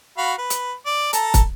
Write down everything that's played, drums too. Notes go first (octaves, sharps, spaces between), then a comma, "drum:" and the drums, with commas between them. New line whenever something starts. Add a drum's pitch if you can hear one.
F#4 F5 B5
B4
drum: hi-hat
D5
A4 A5 A#5, drum: hi-hat
drum: kick, hi-hat